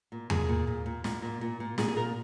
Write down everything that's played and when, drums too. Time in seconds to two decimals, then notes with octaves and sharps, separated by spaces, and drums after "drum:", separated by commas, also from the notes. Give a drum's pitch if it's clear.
0.12 A#2
0.30 A#2 G#4, drum: tom E2
0.49 A#2
0.67 A#2
0.86 A#2
1.04 A#2, drum: snare
1.22 A#2
1.41 A#2
1.60 A#2
1.78 A#2 G#4, drum: snare
1.88 G#4
1.96 A#2 A#4